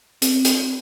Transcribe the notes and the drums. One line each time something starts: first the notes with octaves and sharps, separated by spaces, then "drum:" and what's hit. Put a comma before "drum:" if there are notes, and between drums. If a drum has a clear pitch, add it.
C4, drum: hi-hat
drum: hi-hat